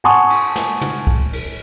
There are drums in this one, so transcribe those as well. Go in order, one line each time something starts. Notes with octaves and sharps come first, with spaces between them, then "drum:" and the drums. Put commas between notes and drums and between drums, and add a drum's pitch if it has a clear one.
F#5 G#5 A5 C6 C#6 D#6
drum: cymbal
drum: snare
drum: tom
drum: kick C2
drum: cymbal